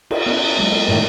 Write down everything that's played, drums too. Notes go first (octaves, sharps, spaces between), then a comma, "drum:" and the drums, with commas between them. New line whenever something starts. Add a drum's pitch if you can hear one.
F4, drum: cymbal
B3 C#4
F#3 G#3 A#3
A4 D#5
A2 D#3 A#4 D5